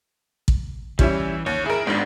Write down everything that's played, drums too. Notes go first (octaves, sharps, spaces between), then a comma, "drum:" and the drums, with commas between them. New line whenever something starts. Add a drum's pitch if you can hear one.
drum: kick
E3 G3 C#4 E4, drum: kick
D#2 C#5
E4 G#4 A#4
G#1 G#2 B3 D4